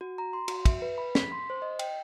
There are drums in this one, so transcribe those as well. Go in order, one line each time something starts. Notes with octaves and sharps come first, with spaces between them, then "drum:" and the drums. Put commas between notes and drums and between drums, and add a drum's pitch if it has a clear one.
F#4
A#5
C6
F#4, drum: cymbal
E5, drum: kick, cymbal
B4
B5
B6, drum: snare
C6
C5
D#5
G5, drum: cymbal